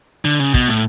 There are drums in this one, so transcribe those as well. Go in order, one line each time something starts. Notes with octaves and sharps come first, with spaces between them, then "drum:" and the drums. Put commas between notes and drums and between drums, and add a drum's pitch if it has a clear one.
D3
C#3
B2, drum: kick
A2